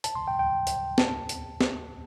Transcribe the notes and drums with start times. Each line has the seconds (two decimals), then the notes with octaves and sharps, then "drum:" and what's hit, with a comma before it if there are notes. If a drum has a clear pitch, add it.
0.04 A5, drum: hi-hat
0.15 C6
0.28 G5
0.39 G5
0.67 drum: hi-hat
0.98 A5, drum: snare
1.29 drum: hi-hat
1.61 drum: snare